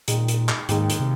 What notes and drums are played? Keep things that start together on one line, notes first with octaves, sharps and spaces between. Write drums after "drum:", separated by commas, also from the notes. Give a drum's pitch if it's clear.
D#2 A#2 D#3 G#3 D#4, drum: hi-hat
drum: hi-hat
drum: clap
D#2 G#2 D#3 G#3 D#4, drum: hi-hat
drum: hi-hat
C3